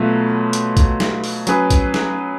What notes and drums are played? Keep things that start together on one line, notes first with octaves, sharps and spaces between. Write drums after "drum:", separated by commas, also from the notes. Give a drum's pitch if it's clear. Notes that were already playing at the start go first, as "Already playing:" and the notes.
Already playing: B2 F#3 A3 F4 B4
drum: hi-hat
drum: kick A#1, hi-hat
drum: snare
drum: open hi-hat
F#3 C#4 G#4 B4, drum: hi-hat
drum: kick A#1, hi-hat
drum: snare